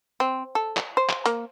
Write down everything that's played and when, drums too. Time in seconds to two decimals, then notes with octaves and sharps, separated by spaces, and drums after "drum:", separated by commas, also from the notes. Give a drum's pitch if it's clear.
0.20 C4
0.55 A4
0.77 drum: clap
0.97 C5
1.09 drum: clap
1.26 A#3, drum: hi-hat